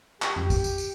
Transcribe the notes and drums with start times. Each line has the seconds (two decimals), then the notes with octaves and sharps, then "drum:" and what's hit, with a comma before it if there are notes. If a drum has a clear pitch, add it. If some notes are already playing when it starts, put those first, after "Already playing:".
0.22 G4, drum: clap
0.36 drum: tom F2
0.50 drum: kick, tambourine
0.64 drum: tambourine
0.78 drum: tambourine